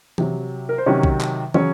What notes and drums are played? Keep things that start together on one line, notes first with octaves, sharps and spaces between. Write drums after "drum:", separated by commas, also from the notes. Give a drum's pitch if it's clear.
C3 F#3, drum: tom E3
A#4
C5
C3 D#3 F#3 C#4 C#5
drum: kick B1
drum: clap
C#3 F#3 C#4 C#5, drum: tom